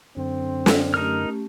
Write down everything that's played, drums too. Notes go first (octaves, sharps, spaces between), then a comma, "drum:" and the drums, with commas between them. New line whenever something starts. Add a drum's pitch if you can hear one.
F#2 D3 C4
drum: snare
A3 C#4 D#4 G4 A#4 F6